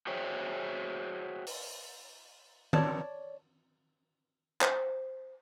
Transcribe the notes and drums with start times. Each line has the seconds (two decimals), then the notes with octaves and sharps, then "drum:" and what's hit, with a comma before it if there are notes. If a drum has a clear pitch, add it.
0.07 F#4 G#4 C5 C#5 E5 G5
1.47 drum: open hi-hat
2.73 C#5 D5 A5, drum: tom D#3
4.61 C5, drum: clap